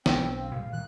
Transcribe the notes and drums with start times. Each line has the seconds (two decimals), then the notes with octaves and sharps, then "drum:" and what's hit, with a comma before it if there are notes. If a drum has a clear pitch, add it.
0.06 B1 C4 D4 G5, drum: snare
0.41 F5
0.56 A#2 G3
0.73 D#3 E3 G3 F#6